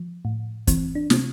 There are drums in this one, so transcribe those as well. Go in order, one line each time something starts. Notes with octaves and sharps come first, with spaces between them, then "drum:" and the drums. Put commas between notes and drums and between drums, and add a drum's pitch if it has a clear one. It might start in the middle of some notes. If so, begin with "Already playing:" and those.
Already playing: F3
A2
E3 C4, drum: kick, hi-hat
D4
C3 C4, drum: snare